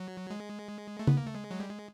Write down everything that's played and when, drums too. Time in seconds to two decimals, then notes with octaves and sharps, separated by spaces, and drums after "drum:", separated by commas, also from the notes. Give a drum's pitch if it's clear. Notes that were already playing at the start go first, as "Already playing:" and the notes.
Already playing: F#3
0.30 G#3
0.99 A3
1.07 B3, drum: tom C#3
1.17 A#3
1.26 A3
1.35 G#3
1.51 F#3
1.60 G3
1.69 G#3